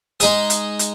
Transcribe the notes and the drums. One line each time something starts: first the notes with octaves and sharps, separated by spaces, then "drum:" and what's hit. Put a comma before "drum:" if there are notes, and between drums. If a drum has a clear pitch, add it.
G#3 D#4 G#4, drum: hi-hat
drum: hi-hat
drum: hi-hat